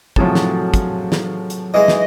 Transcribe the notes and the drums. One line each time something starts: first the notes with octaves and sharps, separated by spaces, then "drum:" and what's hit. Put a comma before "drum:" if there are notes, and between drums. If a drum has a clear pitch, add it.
A2 C3 F3 F#3 G#4 A4, drum: kick
drum: snare
drum: kick, hi-hat
drum: snare
drum: hi-hat
E3 G#3 D#5
drum: snare